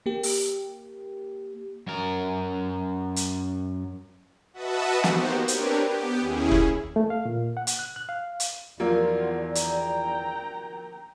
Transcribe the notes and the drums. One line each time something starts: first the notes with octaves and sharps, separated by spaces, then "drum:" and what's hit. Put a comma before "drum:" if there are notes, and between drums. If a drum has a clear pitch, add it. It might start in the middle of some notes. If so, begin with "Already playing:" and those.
A#3 G4
drum: open hi-hat
F#2 A#4
drum: hi-hat
F#4 B4 D#5 E5 F#5 A5
A#3 B3 D#4 F#4 G4 C5, drum: snare
C4 D4 G4 A#4 B4 C#5, drum: hi-hat
B3 G4
D#2 C#4 E4 G#4
drum: kick E1
A3
F5
A#2
F#5
drum: hi-hat
F#6
F#6
F5
drum: hi-hat
E2 F3 F#3 A#3 F4 F#4 D5
G5 A#5, drum: hi-hat